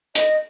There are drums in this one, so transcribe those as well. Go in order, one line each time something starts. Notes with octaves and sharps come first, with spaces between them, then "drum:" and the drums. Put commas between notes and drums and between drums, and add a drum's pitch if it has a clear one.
D#5, drum: hi-hat